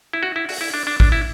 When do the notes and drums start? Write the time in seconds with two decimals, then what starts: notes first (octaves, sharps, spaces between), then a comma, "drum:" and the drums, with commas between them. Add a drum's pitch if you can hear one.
0.13 E4
0.23 F#4
0.36 E4
0.49 F#4, drum: open hi-hat
0.61 E4
0.74 D4
0.87 D4
1.00 D4, drum: kick
1.12 E4